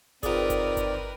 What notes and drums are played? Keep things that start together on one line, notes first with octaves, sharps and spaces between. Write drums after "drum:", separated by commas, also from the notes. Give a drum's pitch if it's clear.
D#3 C4 F4 G#4 A#4 B4 D5, drum: kick G1, hi-hat
drum: kick G1, hi-hat
drum: kick G1, hi-hat